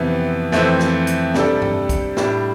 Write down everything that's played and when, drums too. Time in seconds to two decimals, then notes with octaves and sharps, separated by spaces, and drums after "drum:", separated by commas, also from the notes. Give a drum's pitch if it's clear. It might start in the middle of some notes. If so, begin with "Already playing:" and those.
Already playing: F2 C3 E3 B3
0.52 F2 E3 A3 C4 E4, drum: snare
0.80 drum: snare
1.07 drum: hi-hat
1.34 C3 G3 D4 A4, drum: snare
1.62 drum: tom G2
1.89 drum: kick, hi-hat
2.17 A2 G3 D4, drum: snare